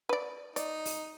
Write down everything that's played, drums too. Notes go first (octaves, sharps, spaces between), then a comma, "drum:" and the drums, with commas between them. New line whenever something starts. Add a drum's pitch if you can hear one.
B4 D5
D#4 D5, drum: hi-hat
drum: open hi-hat